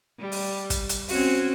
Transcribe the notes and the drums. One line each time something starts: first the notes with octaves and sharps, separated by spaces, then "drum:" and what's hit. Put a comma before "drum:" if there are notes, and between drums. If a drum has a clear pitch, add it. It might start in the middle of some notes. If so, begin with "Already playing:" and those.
G3
drum: open hi-hat
drum: kick, hi-hat
drum: hi-hat
C4 C#4 F#4, drum: open hi-hat